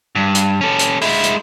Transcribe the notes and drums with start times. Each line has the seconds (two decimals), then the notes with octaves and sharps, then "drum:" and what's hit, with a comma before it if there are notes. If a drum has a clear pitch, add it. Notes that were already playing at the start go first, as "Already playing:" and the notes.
0.15 G2
0.35 drum: hi-hat
0.61 C#4 A4
0.79 drum: hi-hat
1.02 G#3 E4, drum: open hi-hat
1.24 drum: hi-hat